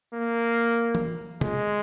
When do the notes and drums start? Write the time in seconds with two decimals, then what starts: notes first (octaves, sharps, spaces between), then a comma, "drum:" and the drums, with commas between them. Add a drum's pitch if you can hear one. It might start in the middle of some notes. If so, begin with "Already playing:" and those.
0.13 A#3
0.95 drum: tom E3
1.41 G#3, drum: tom C3